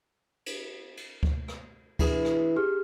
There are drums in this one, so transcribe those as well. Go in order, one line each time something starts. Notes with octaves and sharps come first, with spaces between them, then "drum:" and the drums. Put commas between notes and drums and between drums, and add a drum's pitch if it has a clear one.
drum: cymbal
drum: cymbal
drum: kick D2
drum: rim click
E3 G#4, drum: kick D2, cymbal
drum: rim click
G4 G#4 F6